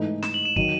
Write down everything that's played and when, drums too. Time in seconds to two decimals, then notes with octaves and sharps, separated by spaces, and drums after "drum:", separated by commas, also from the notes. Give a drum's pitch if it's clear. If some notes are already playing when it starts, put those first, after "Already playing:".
Already playing: G#2 E3 A3 D#4
0.23 E7, drum: snare
0.34 F#7
0.45 E7
0.56 D#3 F#3 D#7, drum: kick